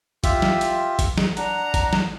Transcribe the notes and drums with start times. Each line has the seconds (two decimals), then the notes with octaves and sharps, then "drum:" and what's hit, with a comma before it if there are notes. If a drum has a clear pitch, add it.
0.24 F4 G4 E5, drum: kick G#1, hi-hat
0.42 drum: snare
0.61 drum: hi-hat
0.99 drum: kick G#1, hi-hat
1.18 drum: snare
1.37 D4 F#5 A#5, drum: hi-hat
1.74 drum: kick G#1, hi-hat
1.93 drum: snare